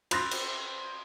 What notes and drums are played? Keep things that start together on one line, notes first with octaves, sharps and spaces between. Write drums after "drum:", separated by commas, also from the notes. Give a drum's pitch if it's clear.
B5 C6 F#6 A6 A#6, drum: cymbal
drum: cymbal